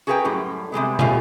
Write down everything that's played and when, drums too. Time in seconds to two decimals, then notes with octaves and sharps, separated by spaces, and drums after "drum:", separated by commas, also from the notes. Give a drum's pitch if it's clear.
0.07 F#4 G#4 A#4 B4 F5 G5
0.25 F#2 A2 G3
0.72 C3 G3 G#3 B3
0.99 B2 A3 F4 G4 F5 G#5, drum: tom